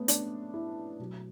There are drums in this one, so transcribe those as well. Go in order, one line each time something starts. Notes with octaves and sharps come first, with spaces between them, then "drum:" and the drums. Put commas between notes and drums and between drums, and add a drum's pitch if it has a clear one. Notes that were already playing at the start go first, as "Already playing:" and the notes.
Already playing: A3 B3 C#4
D4, drum: hi-hat
E4
B2 F#3